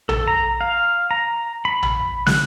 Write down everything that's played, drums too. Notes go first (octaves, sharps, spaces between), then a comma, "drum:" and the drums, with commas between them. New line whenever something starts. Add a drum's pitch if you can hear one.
A4, drum: tom A#1
A#5
F5
A#5
B5
drum: tom A#1
F#6, drum: snare